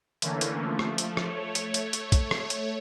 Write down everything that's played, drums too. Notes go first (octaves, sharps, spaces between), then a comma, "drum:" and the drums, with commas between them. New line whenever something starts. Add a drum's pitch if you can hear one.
D3 E3 A3 A#3 C#4, drum: hi-hat
drum: hi-hat
F3 A3
drum: rim click
drum: hi-hat
drum: rim click
A3 C#5
drum: hi-hat
drum: hi-hat
drum: hi-hat
drum: kick A#1, hi-hat
drum: rim click
drum: hi-hat